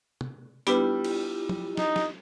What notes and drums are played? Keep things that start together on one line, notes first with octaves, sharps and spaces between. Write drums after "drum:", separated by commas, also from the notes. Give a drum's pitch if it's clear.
drum: tom
G3 B3 D4 E4 F4 G4 B4, drum: hi-hat
drum: cymbal
drum: tom F3
D#4, drum: snare
drum: snare